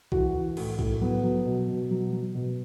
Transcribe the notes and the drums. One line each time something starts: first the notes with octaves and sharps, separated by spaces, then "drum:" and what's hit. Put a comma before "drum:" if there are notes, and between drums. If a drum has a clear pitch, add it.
E3 F#4, drum: kick B1
E3
A2, drum: cymbal
A2, drum: kick B1
F#3 B3
F#3
B2
B2
F#3
F#3
B2